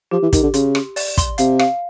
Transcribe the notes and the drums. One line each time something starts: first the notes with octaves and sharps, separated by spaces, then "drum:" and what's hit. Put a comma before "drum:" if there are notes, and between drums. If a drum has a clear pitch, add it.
F3 G4
E3
D#3 G4, drum: kick, hi-hat
D3
C#3 C6, drum: hi-hat
C6, drum: rim click
D5, drum: open hi-hat
C6, drum: kick, hi-hat
C3 F5, drum: hi-hat
F5, drum: rim click